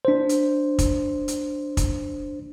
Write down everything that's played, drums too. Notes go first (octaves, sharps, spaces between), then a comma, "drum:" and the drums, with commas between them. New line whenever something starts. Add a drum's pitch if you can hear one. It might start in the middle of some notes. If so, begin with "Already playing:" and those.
D4 C5
drum: hi-hat
drum: kick, hi-hat
drum: hi-hat
drum: kick, hi-hat